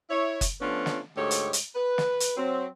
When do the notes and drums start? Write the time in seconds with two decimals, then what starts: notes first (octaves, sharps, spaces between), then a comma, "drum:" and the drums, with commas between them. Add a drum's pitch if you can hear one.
0.10 E4 C#5
0.41 drum: kick F#1, hi-hat
0.61 F3 A3 B3 C#4 D4 F4
0.86 drum: snare
1.17 D2 G#2 G4 A4 C#5
1.31 drum: hi-hat
1.53 drum: hi-hat
1.75 B4
1.98 drum: snare
2.20 drum: hi-hat
2.37 F#3 C4